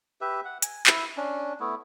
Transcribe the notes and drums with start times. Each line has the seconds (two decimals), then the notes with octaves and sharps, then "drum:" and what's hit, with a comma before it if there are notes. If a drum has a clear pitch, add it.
0.21 G4 B4 E5
0.45 F#5
0.62 G#5, drum: hi-hat
0.87 E4, drum: clap
1.17 C#4 D4
1.60 A3 B3 E4